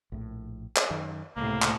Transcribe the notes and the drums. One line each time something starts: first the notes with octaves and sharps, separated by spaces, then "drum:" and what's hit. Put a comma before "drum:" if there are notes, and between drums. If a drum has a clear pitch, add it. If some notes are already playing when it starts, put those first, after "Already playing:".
A#1 A2
drum: clap
F#2 D#3
C#2 A2 C3 A#3
drum: clap